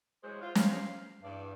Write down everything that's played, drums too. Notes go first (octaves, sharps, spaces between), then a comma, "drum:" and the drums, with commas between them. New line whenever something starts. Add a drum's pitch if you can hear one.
E3 F#3 G#3 C5
F4
F5, drum: snare
E2 G2 D5